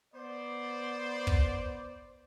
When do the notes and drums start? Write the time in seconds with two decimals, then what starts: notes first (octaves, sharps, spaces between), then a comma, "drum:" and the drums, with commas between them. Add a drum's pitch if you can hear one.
0.14 B3 C5 D5
1.27 drum: kick